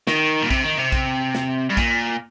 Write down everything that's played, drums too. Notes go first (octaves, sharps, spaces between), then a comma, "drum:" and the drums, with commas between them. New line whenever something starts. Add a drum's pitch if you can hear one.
D#3, drum: snare
A#2
C3, drum: kick A#1, hi-hat
D#3
C3
drum: kick A#1, hi-hat
drum: snare
G2
A#2, drum: kick A#1, hi-hat